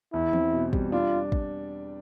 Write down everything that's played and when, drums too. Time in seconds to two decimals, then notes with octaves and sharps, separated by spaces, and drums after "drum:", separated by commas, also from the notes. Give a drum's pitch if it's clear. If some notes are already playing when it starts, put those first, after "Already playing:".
0.13 E2 E4
0.33 C4, drum: tom E3
0.53 B2
0.73 G3, drum: kick
0.92 D4 F4
1.32 drum: kick